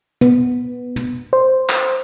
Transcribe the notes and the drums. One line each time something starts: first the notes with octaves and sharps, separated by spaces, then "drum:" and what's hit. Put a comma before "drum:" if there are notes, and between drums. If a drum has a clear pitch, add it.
B3, drum: tom
drum: tom
C5
drum: clap